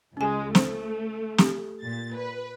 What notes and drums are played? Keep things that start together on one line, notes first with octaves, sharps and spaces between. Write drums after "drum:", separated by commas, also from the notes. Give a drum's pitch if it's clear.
C#2 G#3 C#4 G#5
A3 C5, drum: snare
G4, drum: snare
A#2 A6
B4